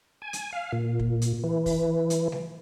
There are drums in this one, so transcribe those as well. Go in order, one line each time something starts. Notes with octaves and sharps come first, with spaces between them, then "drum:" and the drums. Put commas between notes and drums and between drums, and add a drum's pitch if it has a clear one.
G#5
drum: hi-hat
F5
A#2
drum: kick
drum: hi-hat
E3
drum: kick, open hi-hat
drum: hi-hat
drum: snare G3